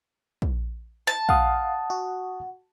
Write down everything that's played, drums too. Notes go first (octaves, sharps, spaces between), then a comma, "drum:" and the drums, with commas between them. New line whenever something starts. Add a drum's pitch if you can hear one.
drum: kick
A5
F5 F#5 D#6, drum: kick
F#4